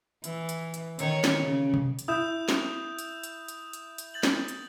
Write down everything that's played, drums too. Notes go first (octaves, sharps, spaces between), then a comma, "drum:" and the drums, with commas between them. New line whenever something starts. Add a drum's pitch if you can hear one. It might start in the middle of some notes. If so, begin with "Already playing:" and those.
E3, drum: hi-hat
drum: hi-hat
drum: hi-hat
D#3 C#5, drum: hi-hat
drum: snare
C#3
drum: tom B2
drum: hi-hat
E4 D#6 G6 E7
drum: snare
drum: hi-hat
drum: hi-hat
drum: hi-hat
drum: hi-hat
drum: hi-hat
G6 A6 F#7
drum: snare
drum: hi-hat